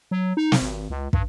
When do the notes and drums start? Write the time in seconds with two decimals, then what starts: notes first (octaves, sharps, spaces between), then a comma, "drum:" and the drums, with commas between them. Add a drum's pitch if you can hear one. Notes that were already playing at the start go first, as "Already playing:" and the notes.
0.11 F#3
0.37 D#4
0.52 drum: snare
0.62 G#1
0.90 C#2
1.13 G2, drum: kick